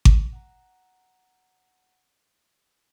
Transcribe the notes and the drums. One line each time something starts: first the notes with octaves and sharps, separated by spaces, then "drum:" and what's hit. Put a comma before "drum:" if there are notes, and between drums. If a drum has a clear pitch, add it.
drum: kick G#1
F#5 A#5